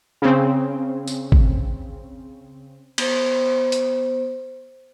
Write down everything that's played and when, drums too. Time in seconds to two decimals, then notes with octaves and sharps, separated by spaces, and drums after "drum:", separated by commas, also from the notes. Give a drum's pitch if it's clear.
0.22 C#3 C4
1.07 drum: tambourine
1.32 drum: kick
2.98 B3 C5, drum: cymbal
3.72 drum: hi-hat